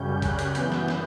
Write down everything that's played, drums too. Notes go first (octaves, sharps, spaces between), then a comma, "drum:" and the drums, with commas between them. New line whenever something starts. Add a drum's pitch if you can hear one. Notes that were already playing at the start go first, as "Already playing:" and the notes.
Already playing: F#2 C#3 G3 C#4 G6
F#6, drum: kick C2, hi-hat
drum: hi-hat
F#2 E3 B3 G6, drum: hi-hat
drum: snare
drum: snare